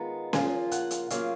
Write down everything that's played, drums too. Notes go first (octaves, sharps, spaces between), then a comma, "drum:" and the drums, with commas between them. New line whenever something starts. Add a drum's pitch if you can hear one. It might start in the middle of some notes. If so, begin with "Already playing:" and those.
Already playing: D#3 G#3 B3 F4 A#5
C#3 F3 A#3 F4 G#5, drum: snare C#4
F#5, drum: hi-hat
drum: hi-hat
C#3 F#3 A#3 F4 F5, drum: hi-hat